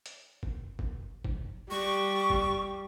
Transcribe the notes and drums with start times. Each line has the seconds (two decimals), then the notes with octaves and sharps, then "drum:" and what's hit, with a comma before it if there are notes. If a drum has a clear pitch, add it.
0.06 drum: hi-hat
0.43 drum: kick
0.79 drum: kick
1.24 drum: kick
1.71 G3 C#6
2.30 drum: kick